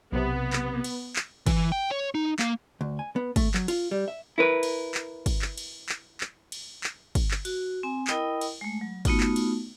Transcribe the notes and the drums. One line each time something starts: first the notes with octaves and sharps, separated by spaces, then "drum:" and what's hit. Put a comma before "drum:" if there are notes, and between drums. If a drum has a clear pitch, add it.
B1 C3 B3
drum: clap
drum: cymbal
drum: clap
E3, drum: kick, cymbal
G5
C#5
D#4
A#3, drum: clap
D2
G#5
B3
A3, drum: kick, cymbal
F#3, drum: clap
F4, drum: cymbal
G3
E5
E4 A#4 B4
drum: cymbal
drum: clap
drum: kick, cymbal
drum: clap
drum: cymbal
drum: clap
drum: clap
drum: cymbal
drum: clap
drum: kick, cymbal
drum: clap
F#4, drum: cymbal
C4 G#5
E4 A#4 D#5 G5 B5 D#6, drum: clap
drum: cymbal
G#3 A3
F#3
A3 B3 D#4 F4 F#4, drum: kick, cymbal
drum: clap
drum: cymbal